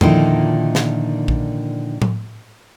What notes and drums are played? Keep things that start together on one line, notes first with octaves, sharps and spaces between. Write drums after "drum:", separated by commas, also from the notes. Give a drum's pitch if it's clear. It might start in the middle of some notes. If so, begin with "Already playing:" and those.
A#2 D3 D#3 F3 D#4 E4, drum: tom E2
drum: snare
drum: kick A#1
drum: tom A2